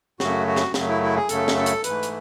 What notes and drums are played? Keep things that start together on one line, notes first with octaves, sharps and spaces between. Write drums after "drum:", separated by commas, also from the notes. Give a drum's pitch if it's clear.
F#2 C#3 F#3 A3 F#4, drum: snare
F#4
drum: snare
F#2 C#3 F#3 A3, drum: snare
E4
E4
G#4
F#2 C#3 F#3 A3 A4, drum: hi-hat
drum: snare
A4
drum: hi-hat
G#2 E3 A3 B4, drum: hi-hat
drum: hi-hat